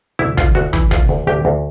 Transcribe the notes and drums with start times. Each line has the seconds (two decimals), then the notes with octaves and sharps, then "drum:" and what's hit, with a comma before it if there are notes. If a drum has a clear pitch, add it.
0.19 D2 E4
0.37 D2 F4, drum: kick
0.55 D2 F#4
0.73 E3 E4, drum: kick
0.91 D2 F4, drum: kick
1.09 D2
1.27 D2 G4
1.45 D2